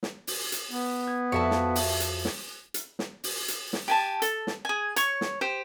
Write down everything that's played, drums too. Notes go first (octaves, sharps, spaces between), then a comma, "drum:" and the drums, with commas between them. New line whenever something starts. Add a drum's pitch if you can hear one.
drum: snare
drum: open hi-hat
drum: hi-hat
B3
G#6
F2 F#4 E5 A5
drum: snare
drum: open hi-hat
drum: hi-hat
drum: snare
drum: hi-hat
drum: snare
drum: open hi-hat
drum: hi-hat
drum: snare
G4 G#5 A5
A4, drum: hi-hat
drum: snare
G#4 G#5
C#5 C#6, drum: hi-hat
drum: snare
G4 C5